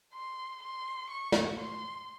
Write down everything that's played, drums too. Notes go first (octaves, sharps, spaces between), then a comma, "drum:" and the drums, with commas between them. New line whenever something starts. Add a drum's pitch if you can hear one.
C6
C6
C#6
drum: snare
C6